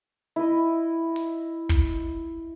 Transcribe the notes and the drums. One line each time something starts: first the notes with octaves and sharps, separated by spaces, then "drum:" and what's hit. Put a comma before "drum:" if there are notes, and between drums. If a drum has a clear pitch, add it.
E4 D#5
drum: hi-hat
drum: kick, hi-hat